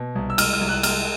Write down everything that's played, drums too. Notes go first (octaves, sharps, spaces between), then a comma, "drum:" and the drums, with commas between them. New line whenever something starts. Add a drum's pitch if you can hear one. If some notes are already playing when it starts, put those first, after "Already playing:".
Already playing: B2
C2
E6
G#3 F6, drum: cymbal
F6
C2
F#6
G#3 F6, drum: cymbal